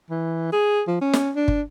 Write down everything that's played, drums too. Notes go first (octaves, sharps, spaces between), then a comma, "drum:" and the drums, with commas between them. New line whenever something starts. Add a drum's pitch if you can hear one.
E3
G#4
F3
C#4
drum: snare
D4
drum: kick